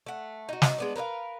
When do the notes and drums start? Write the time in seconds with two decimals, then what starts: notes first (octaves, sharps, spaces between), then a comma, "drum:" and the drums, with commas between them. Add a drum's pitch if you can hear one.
0.06 A3 F#5
0.49 D#4 F#4
0.62 drum: snare
0.78 G#3 B3 D4
0.96 A#4 B4 D5 F5